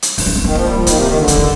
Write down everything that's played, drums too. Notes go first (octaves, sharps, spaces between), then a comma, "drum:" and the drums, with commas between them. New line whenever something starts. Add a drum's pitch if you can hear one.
drum: hi-hat
D#4, drum: open hi-hat
D4
C4
D#3 A#3
F3, drum: kick
G3
F3
D#3, drum: kick, hi-hat
C3
D#3
D3
C4, drum: hi-hat
D#4